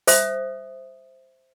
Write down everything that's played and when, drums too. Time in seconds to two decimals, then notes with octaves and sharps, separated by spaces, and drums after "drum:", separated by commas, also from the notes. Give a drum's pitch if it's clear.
0.07 C5 E5 D#6, drum: open hi-hat